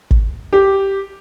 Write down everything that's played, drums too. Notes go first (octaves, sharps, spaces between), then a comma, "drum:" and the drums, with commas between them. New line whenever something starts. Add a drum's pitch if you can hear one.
drum: kick
G4